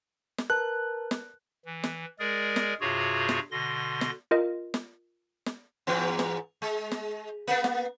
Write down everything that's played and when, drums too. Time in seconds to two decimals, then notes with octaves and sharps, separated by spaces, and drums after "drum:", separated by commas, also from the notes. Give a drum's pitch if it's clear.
0.38 drum: snare
0.50 A#4 B4 A5 F#6
1.11 drum: snare
1.65 E3
1.84 drum: snare
2.19 G#3 G#4 A#4 D5
2.56 drum: snare
2.81 G2 C3 F4 F#4 G#4 C#5
3.29 drum: snare
3.51 B2 D3 C6 A#6
4.01 drum: snare
4.31 F4 A#4 D#5
4.74 drum: snare
5.46 drum: snare
5.87 G#2 E3 B3
6.19 drum: snare
6.62 G#3
6.92 drum: snare
7.47 A#3 B3
7.64 drum: snare